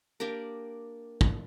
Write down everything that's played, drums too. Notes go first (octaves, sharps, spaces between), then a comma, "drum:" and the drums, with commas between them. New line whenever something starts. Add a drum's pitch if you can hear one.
A#3 D4 G4 A#4
drum: kick